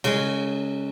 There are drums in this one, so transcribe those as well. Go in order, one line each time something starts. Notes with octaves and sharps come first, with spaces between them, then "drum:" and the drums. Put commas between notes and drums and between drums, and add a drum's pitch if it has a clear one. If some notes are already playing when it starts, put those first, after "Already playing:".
C#3 G#3, drum: cymbal